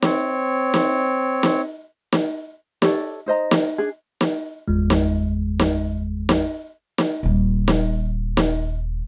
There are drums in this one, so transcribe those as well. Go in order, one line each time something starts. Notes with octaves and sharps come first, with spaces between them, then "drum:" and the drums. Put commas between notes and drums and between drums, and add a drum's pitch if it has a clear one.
C4 C#5, drum: snare
drum: snare
drum: snare
drum: snare
G4 A4 C#5 D5, drum: snare
D#4 C5 D#5 A#5
drum: snare
D4 G#4
drum: snare
G1 E2 G#3
drum: snare
drum: snare
drum: snare
drum: snare
D#1 G3
drum: snare
drum: snare